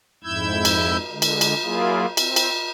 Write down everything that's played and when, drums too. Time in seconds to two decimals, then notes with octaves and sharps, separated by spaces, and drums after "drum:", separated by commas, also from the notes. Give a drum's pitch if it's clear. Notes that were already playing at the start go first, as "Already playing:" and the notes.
0.24 F2 G#2 E4 E6 G6 G#6
0.65 drum: cymbal
1.12 D3 G#3
1.22 drum: cymbal
1.41 drum: cymbal
1.64 F#3 A#3 E4 F4 G#4
2.17 C4, drum: cymbal
2.36 drum: cymbal